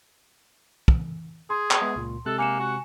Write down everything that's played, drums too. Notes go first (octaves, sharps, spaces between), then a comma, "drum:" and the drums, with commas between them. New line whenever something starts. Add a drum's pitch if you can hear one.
drum: kick
G#4 C6
drum: clap
G#3 B3 E5
C#2 A#2
C3 G#3 A4 F#6
A#3 G#5 C#7 E7
F#4